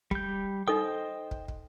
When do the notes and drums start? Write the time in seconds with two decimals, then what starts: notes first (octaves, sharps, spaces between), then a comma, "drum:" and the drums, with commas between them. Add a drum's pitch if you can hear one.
0.11 G3 G6, drum: kick
0.68 D#4 A4 C5 D#5 G5 D#6
1.31 drum: kick
1.48 drum: kick